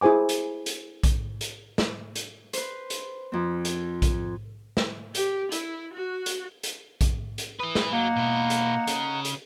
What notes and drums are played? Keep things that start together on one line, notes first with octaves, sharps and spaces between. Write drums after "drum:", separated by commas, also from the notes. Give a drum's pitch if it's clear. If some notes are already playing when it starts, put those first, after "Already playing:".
E4 G#4 C5 G#5 D6
drum: hi-hat
drum: hi-hat
drum: kick A#1, hi-hat
drum: hi-hat
drum: snare
drum: hi-hat
B4 C5, drum: hi-hat
drum: hi-hat
F2 C4
drum: hi-hat
drum: kick A#1, hi-hat
drum: snare
G4, drum: hi-hat
E4, drum: hi-hat
F#4
drum: hi-hat
drum: hi-hat
drum: kick A#1, hi-hat
drum: hi-hat
E4 B4 D#6
drum: snare
F#3 A#3 D#4 F#5
B2 E4
drum: hi-hat
C#3, drum: hi-hat
drum: hi-hat